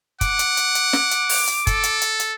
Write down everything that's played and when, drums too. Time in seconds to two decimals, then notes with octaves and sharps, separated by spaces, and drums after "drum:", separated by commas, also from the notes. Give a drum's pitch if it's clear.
0.21 F#5 D6, drum: kick, hi-hat
0.39 drum: hi-hat
0.57 drum: hi-hat
0.75 drum: hi-hat
0.93 drum: snare
1.11 drum: hi-hat
1.29 drum: open hi-hat
1.47 drum: hi-hat
1.67 A4, drum: kick, hi-hat
1.83 drum: hi-hat
2.02 drum: hi-hat
2.20 drum: hi-hat